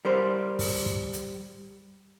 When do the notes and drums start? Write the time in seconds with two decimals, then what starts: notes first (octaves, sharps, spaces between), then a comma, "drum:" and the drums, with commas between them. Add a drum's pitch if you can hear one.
0.05 G3 A#4 C5
0.59 drum: kick, open hi-hat
0.86 drum: kick
1.13 drum: hi-hat